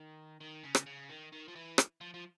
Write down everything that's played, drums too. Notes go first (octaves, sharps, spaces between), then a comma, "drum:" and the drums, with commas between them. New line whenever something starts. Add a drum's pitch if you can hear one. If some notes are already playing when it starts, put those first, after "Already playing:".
Already playing: D#3
D#3
C#3
drum: rim click
C#3
D#3
D#3
F3
E3
drum: rim click
F3
F3